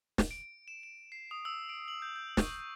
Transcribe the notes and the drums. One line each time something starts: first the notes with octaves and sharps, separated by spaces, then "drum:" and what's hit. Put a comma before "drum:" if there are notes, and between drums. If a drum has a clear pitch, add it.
drum: snare
D7
E7
E7
C7
D#6
E6
D7
F#7
G6
G6
C#6, drum: snare